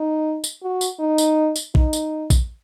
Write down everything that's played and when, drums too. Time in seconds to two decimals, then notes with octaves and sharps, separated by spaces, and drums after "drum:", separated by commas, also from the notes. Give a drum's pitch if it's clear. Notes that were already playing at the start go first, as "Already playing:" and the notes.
Already playing: D#4
0.44 drum: tambourine
0.63 F#4
0.81 drum: tambourine
1.00 D#4
1.18 drum: tambourine
1.56 drum: tambourine
1.75 D#4, drum: kick A#1
1.93 drum: tambourine
2.30 drum: kick A#1, tambourine